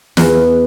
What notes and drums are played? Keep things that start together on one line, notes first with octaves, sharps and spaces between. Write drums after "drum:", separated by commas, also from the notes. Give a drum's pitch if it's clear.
E2, drum: snare